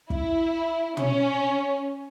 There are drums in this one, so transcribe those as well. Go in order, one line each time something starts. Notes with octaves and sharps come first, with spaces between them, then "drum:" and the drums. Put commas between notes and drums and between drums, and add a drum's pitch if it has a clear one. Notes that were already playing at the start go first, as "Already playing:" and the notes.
E4, drum: kick
C#4, drum: tom